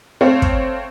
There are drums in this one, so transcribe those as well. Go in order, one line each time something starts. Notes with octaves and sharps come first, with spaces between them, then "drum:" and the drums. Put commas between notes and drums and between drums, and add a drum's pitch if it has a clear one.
A3 C4 C#5 F5
drum: kick